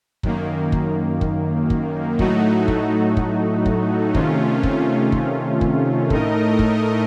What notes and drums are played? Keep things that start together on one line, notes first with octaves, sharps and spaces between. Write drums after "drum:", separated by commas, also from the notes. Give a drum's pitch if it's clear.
F#2 D#3 A#3, drum: kick
drum: kick
drum: kick
drum: kick
A2 F#3 A3 D#4 F#4, drum: kick
drum: kick
drum: kick
drum: kick
C3 D#3 A3 C#4 F4, drum: kick
drum: kick
drum: kick
drum: kick
A2 A3 D#4 A#4 D#5, drum: kick
drum: kick